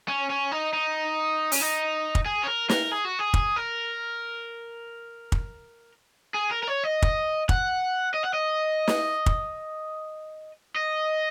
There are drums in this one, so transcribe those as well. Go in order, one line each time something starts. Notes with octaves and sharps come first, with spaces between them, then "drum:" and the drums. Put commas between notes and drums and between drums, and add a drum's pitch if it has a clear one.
C#4
C#4
D#4
D#4
C#4, drum: open hi-hat
D#4
drum: kick
G#4
C#5
A#4
A#4, drum: snare
G#4
F#4
G#4
drum: kick
A#4
drum: kick
G#4
A#4
A#4
C#5
D#5
drum: kick
F#5, drum: kick
D#5
F#5
D#5
drum: snare
drum: kick
D#5